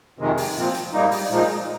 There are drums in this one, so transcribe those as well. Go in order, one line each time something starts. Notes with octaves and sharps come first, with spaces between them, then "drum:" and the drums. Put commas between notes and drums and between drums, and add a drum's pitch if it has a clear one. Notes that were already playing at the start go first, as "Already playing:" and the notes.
F2 C3 D#3 G#3
drum: open hi-hat
A#2 F3 C4
drum: hi-hat
G#2 G3 A#3 D#4
drum: open hi-hat
A#2 F3 G#3 D#4